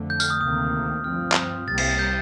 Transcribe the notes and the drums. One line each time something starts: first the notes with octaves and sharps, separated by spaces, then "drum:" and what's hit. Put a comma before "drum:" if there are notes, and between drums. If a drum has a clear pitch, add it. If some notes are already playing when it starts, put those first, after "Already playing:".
Already playing: F2 D3 A3
G6
F6, drum: tambourine
D#6
D2 C3 D#3 A#3 D#6
G2 F3 C4 F6
drum: clap
C2 C3 G3 A#3 A6
C7, drum: cymbal
A6
G6